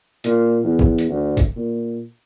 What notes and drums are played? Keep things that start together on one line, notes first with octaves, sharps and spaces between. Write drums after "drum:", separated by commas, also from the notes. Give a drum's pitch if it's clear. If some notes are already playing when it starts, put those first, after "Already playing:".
A#2, drum: hi-hat
E2
drum: kick
drum: hi-hat
D2
drum: kick, hi-hat
A#2